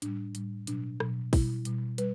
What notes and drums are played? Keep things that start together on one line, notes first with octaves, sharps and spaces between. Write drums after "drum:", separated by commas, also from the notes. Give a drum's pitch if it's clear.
A2 G3 D4, drum: hi-hat
A2 G3, drum: hi-hat
B2 F#3 D4, drum: hi-hat
B2 F#3, drum: rim click
B2 G3 E4, drum: kick, open hi-hat
B2 G3, drum: hi-hat
G3 B4, drum: hi-hat